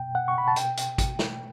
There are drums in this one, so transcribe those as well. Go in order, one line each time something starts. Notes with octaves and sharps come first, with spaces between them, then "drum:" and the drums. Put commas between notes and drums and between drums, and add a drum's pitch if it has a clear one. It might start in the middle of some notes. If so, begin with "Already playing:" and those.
Already playing: F#2 B2 G5
B2 F#5
C#6
B5
A5
B2 G5, drum: hi-hat
drum: hi-hat
B2, drum: kick, hi-hat
drum: snare